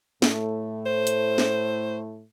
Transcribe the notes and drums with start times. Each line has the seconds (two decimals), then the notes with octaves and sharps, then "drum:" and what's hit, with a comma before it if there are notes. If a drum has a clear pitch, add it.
0.22 A2 A3, drum: snare
0.86 C5
1.07 drum: hi-hat
1.38 drum: snare